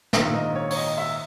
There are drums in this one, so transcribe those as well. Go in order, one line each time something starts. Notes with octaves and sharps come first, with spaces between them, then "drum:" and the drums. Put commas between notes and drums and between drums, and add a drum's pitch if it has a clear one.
A#1 G#2 D#3 A#3 E5, drum: snare
D#5
C#5
C#5, drum: open hi-hat
D#5
E5